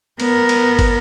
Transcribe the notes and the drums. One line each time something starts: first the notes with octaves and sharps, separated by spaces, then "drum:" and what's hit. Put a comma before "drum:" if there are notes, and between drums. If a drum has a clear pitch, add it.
B3 A#4, drum: cymbal
drum: cymbal
drum: kick, cymbal